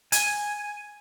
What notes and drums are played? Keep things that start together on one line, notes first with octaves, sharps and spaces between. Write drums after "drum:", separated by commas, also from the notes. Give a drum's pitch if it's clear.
G#5, drum: hi-hat